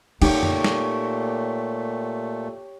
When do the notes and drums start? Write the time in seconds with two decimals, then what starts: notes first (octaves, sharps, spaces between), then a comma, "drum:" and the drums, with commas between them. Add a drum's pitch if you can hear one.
0.22 A#2 A3 D#4 G4 C#5, drum: cymbal
0.43 drum: tom F2
0.64 drum: snare